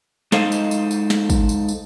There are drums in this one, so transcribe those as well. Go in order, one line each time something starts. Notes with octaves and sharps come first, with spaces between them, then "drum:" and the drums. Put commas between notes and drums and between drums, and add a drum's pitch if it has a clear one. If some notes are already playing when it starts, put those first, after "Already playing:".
G#3 D#4 A4 C5 D#5 F5, drum: snare
drum: tambourine
drum: tambourine
drum: tambourine
drum: snare
drum: kick, tambourine
drum: tambourine
drum: tambourine